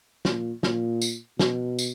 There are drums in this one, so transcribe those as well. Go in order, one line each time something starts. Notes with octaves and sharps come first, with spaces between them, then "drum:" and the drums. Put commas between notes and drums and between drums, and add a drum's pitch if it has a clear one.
A#2, drum: snare
A#2, drum: snare
drum: tambourine
B2, drum: snare
drum: tambourine